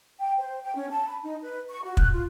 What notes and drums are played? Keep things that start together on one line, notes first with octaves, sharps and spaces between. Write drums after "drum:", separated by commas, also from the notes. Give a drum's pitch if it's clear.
G5
C5
G5
C#4
A5
B5
D#4
B4
C#6
F#4
F#6, drum: kick
F4